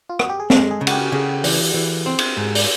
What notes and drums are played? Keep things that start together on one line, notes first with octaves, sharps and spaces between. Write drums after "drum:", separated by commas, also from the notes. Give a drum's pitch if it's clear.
F4
F#4, drum: rim click
G4
G#4
G#3 A4, drum: snare
G#4
C#3
F#4, drum: cymbal
G4
C#3 G#4
E3, drum: open hi-hat
E3
C4
drum: cymbal
G#2
drum: open hi-hat